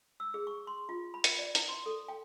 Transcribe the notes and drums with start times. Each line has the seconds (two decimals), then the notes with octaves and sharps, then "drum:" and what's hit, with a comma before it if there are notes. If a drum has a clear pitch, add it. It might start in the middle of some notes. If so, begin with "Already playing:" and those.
0.20 E6
0.34 G#4
0.47 C#6
0.67 C6
0.89 F4
1.14 B5
1.24 drum: hi-hat
1.39 D5
1.55 E4, drum: hi-hat
1.69 C6
1.86 A4
2.08 G5